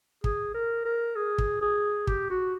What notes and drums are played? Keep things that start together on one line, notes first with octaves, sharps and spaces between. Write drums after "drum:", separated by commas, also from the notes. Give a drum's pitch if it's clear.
G#4, drum: kick
A#4
A#4
G#4
drum: kick
G#4
G4, drum: kick
F#4